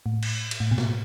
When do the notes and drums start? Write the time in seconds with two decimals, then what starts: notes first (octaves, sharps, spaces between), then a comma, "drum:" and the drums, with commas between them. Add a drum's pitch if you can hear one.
0.06 A2
0.23 drum: cymbal
0.51 drum: cymbal
0.60 A2
0.71 B2
0.78 A2, drum: snare